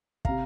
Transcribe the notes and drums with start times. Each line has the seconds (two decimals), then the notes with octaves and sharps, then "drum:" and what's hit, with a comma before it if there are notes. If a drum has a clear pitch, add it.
0.25 C3 F5 A#5, drum: kick